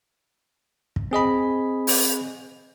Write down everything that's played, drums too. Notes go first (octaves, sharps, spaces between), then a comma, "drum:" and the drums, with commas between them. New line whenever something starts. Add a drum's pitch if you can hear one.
drum: kick
C4 G#4 D#5 B5
drum: open hi-hat